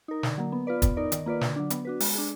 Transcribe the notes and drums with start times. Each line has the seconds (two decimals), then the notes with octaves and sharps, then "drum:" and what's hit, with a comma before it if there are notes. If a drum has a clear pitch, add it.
0.08 D#4 A#4
0.23 D3, drum: snare
0.38 F#3 A#3
0.52 B3
0.67 F4 B4 D5
0.82 B3, drum: kick, hi-hat
0.97 D#4 A#4 D5
1.12 D#3, drum: hi-hat
1.26 A#3 F4 B4 D5
1.41 D3, drum: snare
1.56 F#3 D4
1.70 B3, drum: hi-hat
1.85 D4 F#4 B4
2.00 G#3, drum: open hi-hat
2.15 D4 G#4